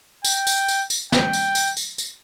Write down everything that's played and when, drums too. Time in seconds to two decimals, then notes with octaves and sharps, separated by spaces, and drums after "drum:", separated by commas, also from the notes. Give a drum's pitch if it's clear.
0.25 G5, drum: tambourine
0.47 drum: tambourine
0.68 drum: tambourine
0.90 drum: tambourine
1.12 G5, drum: snare
1.33 drum: tambourine
1.55 drum: tambourine
1.77 drum: tambourine
1.98 drum: tambourine